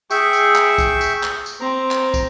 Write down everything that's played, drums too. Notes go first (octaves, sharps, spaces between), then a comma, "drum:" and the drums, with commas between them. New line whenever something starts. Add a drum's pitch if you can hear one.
G#4 E5 G5 C#6, drum: tambourine
drum: tambourine
drum: clap
drum: kick, tambourine
drum: tambourine
drum: clap
drum: tambourine
C4 A#5
drum: clap
drum: kick, tambourine